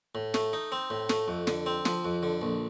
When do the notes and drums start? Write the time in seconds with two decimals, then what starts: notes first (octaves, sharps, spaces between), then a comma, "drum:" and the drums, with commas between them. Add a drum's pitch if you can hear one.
0.15 A2
0.34 A3, drum: snare
0.53 D#4
0.72 C4
0.90 A2
1.09 A3, drum: snare
1.28 F2
1.47 D3, drum: snare
1.66 C4
1.85 F3, drum: snare
2.05 F2
2.23 D3
2.42 A#1